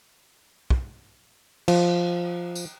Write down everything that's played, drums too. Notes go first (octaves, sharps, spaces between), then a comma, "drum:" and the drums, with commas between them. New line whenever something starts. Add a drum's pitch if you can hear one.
drum: kick
F3, drum: cymbal
drum: tambourine